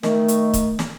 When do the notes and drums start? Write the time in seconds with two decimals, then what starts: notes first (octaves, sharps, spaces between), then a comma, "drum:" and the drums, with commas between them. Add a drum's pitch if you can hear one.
0.03 D#3 A3, drum: snare
0.28 drum: hi-hat
0.54 drum: kick, hi-hat
0.79 drum: snare